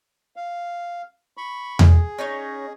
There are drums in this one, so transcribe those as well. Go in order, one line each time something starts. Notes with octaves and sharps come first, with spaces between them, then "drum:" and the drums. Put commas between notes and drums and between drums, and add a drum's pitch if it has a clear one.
F5
B5 C#6
G#4, drum: tom E2
C#4 D#4 C#5